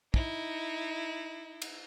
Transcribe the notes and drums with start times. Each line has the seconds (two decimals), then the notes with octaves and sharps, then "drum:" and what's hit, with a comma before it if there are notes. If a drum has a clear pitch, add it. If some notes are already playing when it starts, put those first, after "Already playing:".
0.14 D#4 E4, drum: kick
1.62 drum: cymbal